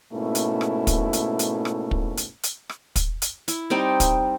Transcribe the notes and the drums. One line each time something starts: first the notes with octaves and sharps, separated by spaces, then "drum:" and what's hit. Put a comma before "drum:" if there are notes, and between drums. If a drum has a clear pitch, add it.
G#2 B2 A3 A#3 C#4 E4
drum: hi-hat
drum: rim click
drum: kick, hi-hat
drum: hi-hat
drum: hi-hat
drum: rim click
drum: kick
drum: hi-hat
drum: hi-hat
drum: rim click
drum: kick, hi-hat
drum: hi-hat
E4, drum: hi-hat
G3 C4 D#4 G5
drum: kick, hi-hat